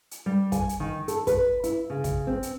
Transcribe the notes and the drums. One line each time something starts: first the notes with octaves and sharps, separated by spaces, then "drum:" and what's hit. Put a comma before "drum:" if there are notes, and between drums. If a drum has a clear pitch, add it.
drum: hi-hat
G3
G#5, drum: kick, hi-hat
drum: hi-hat
D#3
A4, drum: hi-hat
B4, drum: kick, hi-hat
E4, drum: hi-hat
C#3
drum: kick, hi-hat
C4
drum: hi-hat